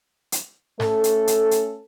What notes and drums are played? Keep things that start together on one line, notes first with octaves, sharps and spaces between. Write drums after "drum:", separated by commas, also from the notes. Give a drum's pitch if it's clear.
drum: hi-hat
A3 C#4 A4, drum: snare G#2
drum: hi-hat
drum: hi-hat
drum: hi-hat